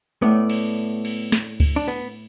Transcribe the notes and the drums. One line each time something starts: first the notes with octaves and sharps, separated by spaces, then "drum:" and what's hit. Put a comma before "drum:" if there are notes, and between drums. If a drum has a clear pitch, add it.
A2 A3 B3 E4 D5
drum: cymbal
drum: cymbal
drum: snare
drum: kick C#2, cymbal
D4
B3